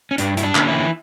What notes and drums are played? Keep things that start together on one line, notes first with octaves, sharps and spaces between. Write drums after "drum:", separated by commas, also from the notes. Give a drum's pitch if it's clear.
C#4
G2 D4, drum: hi-hat
E4, drum: hi-hat
D4
D3 A#3 C#4, drum: clap
E3 E4